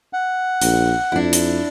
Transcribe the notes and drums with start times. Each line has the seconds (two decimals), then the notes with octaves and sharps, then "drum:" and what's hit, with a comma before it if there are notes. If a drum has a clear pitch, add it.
0.13 F#5
0.61 A#1, drum: hi-hat
1.12 F2 D4 E4
1.33 drum: hi-hat